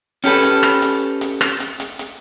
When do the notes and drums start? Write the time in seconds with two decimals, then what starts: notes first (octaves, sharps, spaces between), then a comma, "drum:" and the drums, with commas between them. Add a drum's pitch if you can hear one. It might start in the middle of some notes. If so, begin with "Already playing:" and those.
0.24 C#4 G4 A4 B4, drum: hi-hat
0.43 drum: hi-hat
0.63 drum: rim click
0.82 drum: hi-hat
1.21 drum: hi-hat
1.41 drum: rim click
1.60 drum: hi-hat
1.80 drum: hi-hat
1.99 drum: hi-hat